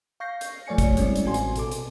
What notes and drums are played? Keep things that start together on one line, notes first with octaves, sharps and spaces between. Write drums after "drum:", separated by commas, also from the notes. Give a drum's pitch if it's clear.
F5 C#6 G6 A#6 C7
drum: hi-hat
F3 A3 C#5 D5 G#5 C#7
drum: kick, hi-hat
G3 G#3 C4 C#4 E4 D5, drum: hi-hat
drum: hi-hat
A1 C4 F#4 G#5 C6
drum: hi-hat
B2 A4 D6, drum: hi-hat
drum: hi-hat